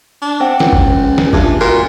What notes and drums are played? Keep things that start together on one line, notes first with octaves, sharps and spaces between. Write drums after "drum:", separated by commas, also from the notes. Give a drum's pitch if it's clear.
D4
C4 G4 F#5
C#2, drum: snare
drum: kick G1
drum: snare
G2 A3 F4 G#4, drum: kick G1
A#2 F#4 A#4